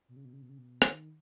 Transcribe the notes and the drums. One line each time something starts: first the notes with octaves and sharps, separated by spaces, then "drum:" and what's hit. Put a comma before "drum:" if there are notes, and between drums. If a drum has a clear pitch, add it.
B2
C#3
B2
C#3
B2
C#3
B2
D#3, drum: rim click